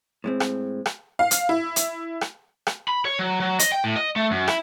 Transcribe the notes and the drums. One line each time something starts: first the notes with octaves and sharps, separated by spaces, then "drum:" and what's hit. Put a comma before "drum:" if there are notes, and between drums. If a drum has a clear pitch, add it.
A2 G#3 C4
drum: rim click
drum: rim click
F5
drum: hi-hat
E4
drum: hi-hat
drum: rim click
drum: rim click
B5
C#5
F#3
F#3
D#5, drum: hi-hat
G5
A2
D#5
A3
F#2
E4, drum: rim click